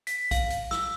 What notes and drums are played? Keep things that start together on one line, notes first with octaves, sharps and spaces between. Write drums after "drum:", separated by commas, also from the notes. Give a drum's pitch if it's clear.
B6, drum: hi-hat
F5, drum: kick A#1, hi-hat
drum: hi-hat
E6, drum: snare